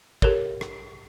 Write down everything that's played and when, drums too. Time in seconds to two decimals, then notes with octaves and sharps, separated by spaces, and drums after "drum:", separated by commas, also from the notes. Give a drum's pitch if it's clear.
0.22 G4 A4 A#4 C#5, drum: kick
0.61 drum: rim click